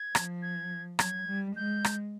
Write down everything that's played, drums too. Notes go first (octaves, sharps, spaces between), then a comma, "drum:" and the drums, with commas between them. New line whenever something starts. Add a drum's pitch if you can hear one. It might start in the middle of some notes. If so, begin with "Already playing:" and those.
Already playing: G#6
F3, drum: rim click
G#6
F#3 G#6, drum: rim click
G3
G#3 G6
drum: rim click